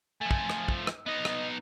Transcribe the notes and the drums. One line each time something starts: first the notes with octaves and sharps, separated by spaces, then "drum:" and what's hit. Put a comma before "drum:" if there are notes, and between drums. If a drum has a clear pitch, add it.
F3 A3 G#5
drum: kick
drum: rim click
drum: kick
drum: rim click
B3 D#4 D#5
drum: rim click